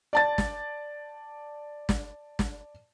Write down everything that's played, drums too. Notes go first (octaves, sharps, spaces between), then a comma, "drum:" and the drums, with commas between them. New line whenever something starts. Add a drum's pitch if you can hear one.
D5 A5 A6
drum: snare
drum: snare
drum: snare